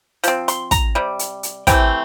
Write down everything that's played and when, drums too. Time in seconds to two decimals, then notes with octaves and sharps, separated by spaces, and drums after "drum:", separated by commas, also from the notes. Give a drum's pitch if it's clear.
0.24 F3 C4, drum: hi-hat
0.48 C6, drum: hi-hat
0.71 A#5, drum: kick, hi-hat
0.95 C3 G3
1.19 drum: hi-hat
1.43 drum: hi-hat
1.67 C3 E3 A3 C4 G5, drum: kick, hi-hat